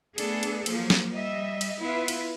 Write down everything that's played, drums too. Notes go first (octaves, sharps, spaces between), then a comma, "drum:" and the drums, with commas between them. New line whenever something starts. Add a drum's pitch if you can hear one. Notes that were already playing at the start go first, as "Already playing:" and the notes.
A3 B3 D4 G#4 A4, drum: cymbal
drum: cymbal
F3 F#3 A#3, drum: cymbal
drum: snare
G3 D#5 E5
drum: cymbal
B3 E4 F4 B4
drum: cymbal